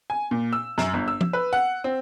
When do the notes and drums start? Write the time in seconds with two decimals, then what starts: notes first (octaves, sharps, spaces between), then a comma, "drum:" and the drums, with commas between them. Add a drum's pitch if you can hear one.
0.10 G#5
0.31 A#2
0.53 E6
0.78 F#2, drum: snare
0.93 G1
1.08 E6
1.21 drum: tom
1.33 B4
1.53 F#5
1.84 C4